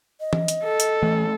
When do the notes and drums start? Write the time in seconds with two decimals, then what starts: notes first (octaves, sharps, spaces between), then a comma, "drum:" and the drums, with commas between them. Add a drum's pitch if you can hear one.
0.20 D#5
0.33 drum: tom
0.48 drum: hi-hat
0.64 A4
0.80 drum: hi-hat
1.03 E3 A3